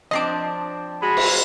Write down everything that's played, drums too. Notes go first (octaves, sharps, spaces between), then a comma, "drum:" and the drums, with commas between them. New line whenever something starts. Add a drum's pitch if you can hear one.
F3 C4 D4 D#5 C6 D6
G#3 F#4 G#4 B5
drum: cymbal